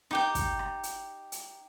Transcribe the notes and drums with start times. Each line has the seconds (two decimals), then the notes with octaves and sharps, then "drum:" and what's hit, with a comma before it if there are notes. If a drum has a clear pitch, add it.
0.11 D#4 G4 G5, drum: rim click
0.35 drum: kick, hi-hat
0.59 drum: rim click
0.83 drum: hi-hat
1.32 drum: hi-hat